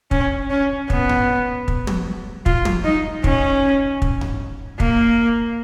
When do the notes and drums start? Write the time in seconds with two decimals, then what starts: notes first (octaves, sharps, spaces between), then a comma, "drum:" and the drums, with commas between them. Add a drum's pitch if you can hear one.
0.11 C#4, drum: kick
0.50 C#4
0.90 B3, drum: kick
1.09 drum: tom G2
1.68 drum: kick
1.87 drum: tom
2.46 F4, drum: kick
2.65 drum: tom
2.84 D#4
3.24 C#4, drum: kick
4.02 drum: kick
4.21 drum: tom G2
4.80 A#3, drum: kick